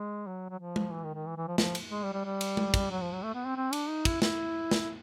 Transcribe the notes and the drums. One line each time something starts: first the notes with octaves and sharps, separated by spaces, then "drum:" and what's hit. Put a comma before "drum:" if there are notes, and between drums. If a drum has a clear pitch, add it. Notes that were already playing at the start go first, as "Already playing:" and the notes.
Already playing: G#3
F#3
F#3
F3
drum: tom G#3
E3
D#3
D#3
E3
E3
F3
F3, drum: snare
drum: cymbal
G#3
G3
G3
G3
drum: cymbal
drum: tom G#3
drum: kick, cymbal
F#3
F3
F#3
A3
B3
C4
C4
D4, drum: cymbal
D#4
E4, drum: kick, cymbal
E4, drum: snare
drum: snare